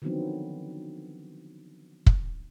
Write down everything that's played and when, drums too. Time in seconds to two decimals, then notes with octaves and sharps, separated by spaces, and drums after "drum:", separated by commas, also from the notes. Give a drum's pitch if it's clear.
0.02 D3 D#3 F3 F#3 B3 C4
2.06 drum: kick